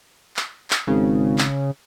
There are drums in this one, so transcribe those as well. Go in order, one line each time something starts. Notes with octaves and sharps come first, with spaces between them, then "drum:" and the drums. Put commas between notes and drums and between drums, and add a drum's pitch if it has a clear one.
drum: clap
drum: clap
G#1 C#3
drum: clap